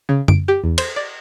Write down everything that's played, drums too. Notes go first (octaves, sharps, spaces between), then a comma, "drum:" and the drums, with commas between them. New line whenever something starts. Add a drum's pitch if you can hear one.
C#3
D7, drum: tom F#2
G4
E2
C5, drum: cymbal
D5